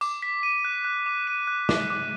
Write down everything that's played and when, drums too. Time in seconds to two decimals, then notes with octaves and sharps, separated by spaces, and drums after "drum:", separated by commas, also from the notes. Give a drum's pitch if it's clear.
0.01 D6, drum: tambourine
0.22 B6
0.43 D#7
0.65 F#6
0.85 F#6
1.06 D6
1.27 D#7
1.47 F#6
1.69 D6, drum: snare
1.90 D6